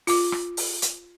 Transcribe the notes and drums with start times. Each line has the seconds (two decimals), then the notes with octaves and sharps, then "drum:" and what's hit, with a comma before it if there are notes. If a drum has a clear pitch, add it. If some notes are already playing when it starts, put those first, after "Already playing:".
0.07 F4 D6, drum: open hi-hat
0.32 drum: rim click
0.57 drum: open hi-hat
0.82 drum: hi-hat